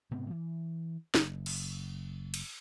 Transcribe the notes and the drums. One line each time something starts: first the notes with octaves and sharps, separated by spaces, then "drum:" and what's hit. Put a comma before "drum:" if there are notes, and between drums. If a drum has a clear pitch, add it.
G#2 C3 B3 C4
E3
F#1, drum: snare
drum: cymbal
drum: cymbal